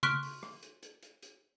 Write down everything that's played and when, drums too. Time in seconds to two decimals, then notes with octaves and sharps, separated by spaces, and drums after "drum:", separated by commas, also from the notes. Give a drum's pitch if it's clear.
0.03 C6 C#6 F6 F#6 B6 D7, drum: tom C#3
0.23 drum: open hi-hat
0.43 drum: rim click
0.63 drum: hi-hat
0.83 drum: hi-hat
1.03 drum: hi-hat
1.23 drum: hi-hat